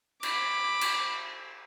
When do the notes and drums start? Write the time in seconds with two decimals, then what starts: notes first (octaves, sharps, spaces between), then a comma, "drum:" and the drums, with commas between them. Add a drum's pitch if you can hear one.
0.23 B5 D6, drum: cymbal
0.81 drum: cymbal